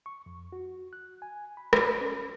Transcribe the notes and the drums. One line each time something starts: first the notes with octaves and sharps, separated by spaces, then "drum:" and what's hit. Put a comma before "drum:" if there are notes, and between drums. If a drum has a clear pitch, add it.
C#6
F2
F#4
F#6
G#5
B5
D5, drum: rim click
C#4